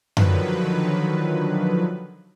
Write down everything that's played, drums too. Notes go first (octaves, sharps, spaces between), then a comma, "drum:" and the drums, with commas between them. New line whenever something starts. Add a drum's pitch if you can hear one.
D3 D#3 F3 F#3 B4, drum: tom F#2